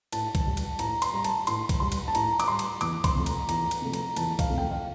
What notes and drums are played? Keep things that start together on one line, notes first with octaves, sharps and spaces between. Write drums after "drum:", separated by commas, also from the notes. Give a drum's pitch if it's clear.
A2 A5, drum: cymbal
drum: kick C2, cymbal
G3
drum: cymbal
A2 A#5, drum: cymbal
C6, drum: cymbal
G3 A#5
A5, drum: cymbal
A2 C6, drum: cymbal
drum: kick C2, cymbal
G3 C6
drum: cymbal
A5
A2 A#5, drum: cymbal
D6, drum: cymbal
G3 C6
drum: cymbal
E2 D6, drum: cymbal
C6, drum: kick C2, cymbal
C3 F3 A3
A#5, drum: cymbal
E2 A#5, drum: cymbal
drum: cymbal
C3 F3 A3
A#5, drum: cymbal
E2 A5, drum: cymbal
F5, drum: kick C2, cymbal
C3 F3 A3
G5
F5